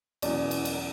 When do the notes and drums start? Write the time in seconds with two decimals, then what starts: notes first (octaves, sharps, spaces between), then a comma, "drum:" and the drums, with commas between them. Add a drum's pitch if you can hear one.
0.22 E2 B2 F#3 C#4 D5, drum: cymbal
0.51 drum: cymbal
0.65 drum: cymbal